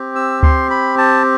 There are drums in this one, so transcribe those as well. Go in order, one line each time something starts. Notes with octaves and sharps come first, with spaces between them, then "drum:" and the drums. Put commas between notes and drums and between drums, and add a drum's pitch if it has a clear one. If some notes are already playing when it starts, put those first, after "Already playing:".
Already playing: C4 G4
E6
C6, drum: kick D2
B5
A5